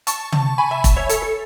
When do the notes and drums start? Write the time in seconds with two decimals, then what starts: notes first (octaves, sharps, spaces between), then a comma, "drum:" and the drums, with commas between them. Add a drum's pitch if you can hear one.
0.07 A5 C#6, drum: hi-hat
0.32 drum: tom
0.58 G#5 B5
0.71 E5 G#5
0.84 drum: kick E1, hi-hat
0.96 C#5 E5
1.09 A4, drum: hi-hat
1.22 A4